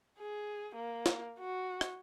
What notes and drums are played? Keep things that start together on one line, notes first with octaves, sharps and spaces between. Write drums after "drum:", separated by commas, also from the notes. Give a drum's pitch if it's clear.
G#4
A#3
drum: snare
F#4
drum: rim click